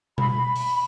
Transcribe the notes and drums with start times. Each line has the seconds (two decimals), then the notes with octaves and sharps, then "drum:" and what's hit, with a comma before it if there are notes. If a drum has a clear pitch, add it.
0.18 B5, drum: tom B2
0.56 drum: open hi-hat